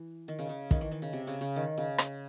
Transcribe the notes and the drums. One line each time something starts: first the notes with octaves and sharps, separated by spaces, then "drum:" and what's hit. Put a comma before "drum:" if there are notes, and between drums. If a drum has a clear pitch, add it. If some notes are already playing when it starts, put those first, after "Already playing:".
Already playing: E3
D#3
C#3
C#3
D#3, drum: kick
E3
D#3
C#3
C3
C#3
C#3
D#3
C#3
drum: rim click